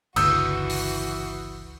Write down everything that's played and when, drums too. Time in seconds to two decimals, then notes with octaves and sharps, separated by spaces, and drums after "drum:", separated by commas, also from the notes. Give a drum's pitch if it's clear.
0.16 G1 C#2 D3 E3 F#4 D#6 E6 G6, drum: cymbal
0.70 drum: open hi-hat